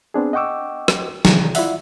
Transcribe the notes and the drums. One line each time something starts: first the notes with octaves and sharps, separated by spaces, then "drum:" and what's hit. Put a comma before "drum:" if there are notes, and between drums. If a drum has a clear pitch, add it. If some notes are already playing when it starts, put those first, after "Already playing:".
B3 C4 D4 G#4
D#5 F#5 G5 C#6 D6 E6
drum: rim click
C3 D#3 E3, drum: snare
E4 F4 D5 E5 F#5, drum: open hi-hat